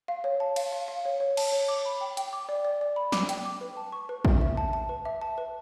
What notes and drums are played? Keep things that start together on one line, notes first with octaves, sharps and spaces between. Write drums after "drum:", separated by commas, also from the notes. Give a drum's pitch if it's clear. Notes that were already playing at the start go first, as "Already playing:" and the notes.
F5
C#5
A5
F5, drum: cymbal
F5
F5
C#5
C#5
A5, drum: cymbal
C#5
D6
B5
G5
G5, drum: hi-hat
D6
D5
D5
D5
B5
D6, drum: snare
G5, drum: hi-hat
D6
B4
A5
C#6
B4
E5, drum: kick A1
E5
A5
A5
B4
E5
A5
B4